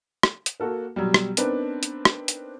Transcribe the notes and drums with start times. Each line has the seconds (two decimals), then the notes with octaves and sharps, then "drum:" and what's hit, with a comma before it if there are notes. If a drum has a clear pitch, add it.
0.23 drum: rim click
0.46 drum: hi-hat
0.60 A#3 F#4 A4 A#4
0.96 B2 F#3 G3
1.14 drum: rim click
1.37 B3 C4 D4 D#4 A#4 B4, drum: hi-hat
1.83 drum: hi-hat
2.05 drum: rim click
2.28 drum: hi-hat